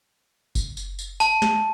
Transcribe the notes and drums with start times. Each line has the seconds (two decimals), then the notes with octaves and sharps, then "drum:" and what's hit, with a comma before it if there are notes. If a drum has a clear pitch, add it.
0.55 drum: kick F#1, tambourine
0.77 drum: tambourine
0.99 drum: tambourine
1.20 A5, drum: tambourine
1.42 drum: snare